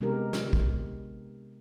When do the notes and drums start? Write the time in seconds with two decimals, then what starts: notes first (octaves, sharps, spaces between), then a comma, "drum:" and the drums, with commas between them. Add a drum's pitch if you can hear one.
0.01 C3 G#3 B3 D4 G4 A#4
0.33 drum: snare
0.53 drum: kick